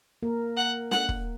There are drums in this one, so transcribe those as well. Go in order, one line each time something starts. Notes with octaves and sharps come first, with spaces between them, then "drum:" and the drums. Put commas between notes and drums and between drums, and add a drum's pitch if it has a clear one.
A#3 A#4
F#5
F#5, drum: snare
drum: kick